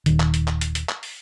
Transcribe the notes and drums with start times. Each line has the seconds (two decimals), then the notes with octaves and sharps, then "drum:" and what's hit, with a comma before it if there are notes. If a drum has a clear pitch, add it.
0.06 D#1 D#3, drum: hi-hat
0.20 drum: clap
0.34 drum: hi-hat
0.48 drum: clap
0.61 drum: hi-hat
0.75 drum: hi-hat
0.89 drum: clap
1.03 drum: open hi-hat